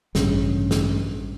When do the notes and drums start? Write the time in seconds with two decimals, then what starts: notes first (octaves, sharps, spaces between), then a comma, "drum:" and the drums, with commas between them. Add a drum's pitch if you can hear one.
0.15 A1 G2 C#3, drum: snare
0.71 drum: snare